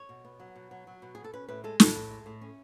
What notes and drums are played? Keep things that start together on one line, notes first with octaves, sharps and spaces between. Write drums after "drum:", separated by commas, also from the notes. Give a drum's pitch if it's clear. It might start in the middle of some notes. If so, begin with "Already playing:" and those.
Already playing: C#5
B2
B3
F#3
B2
F#3
F#3
B2
B2 G#4
A4
C#4 B4
A2 B4
G#3 A4
A2 A4, drum: snare
A2
G#3
A2
C#4